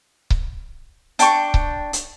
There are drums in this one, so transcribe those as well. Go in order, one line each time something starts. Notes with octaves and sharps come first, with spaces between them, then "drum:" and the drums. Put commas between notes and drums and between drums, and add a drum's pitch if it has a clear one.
drum: kick C#1
D4 G5 C#6, drum: hi-hat
drum: kick C#1
drum: hi-hat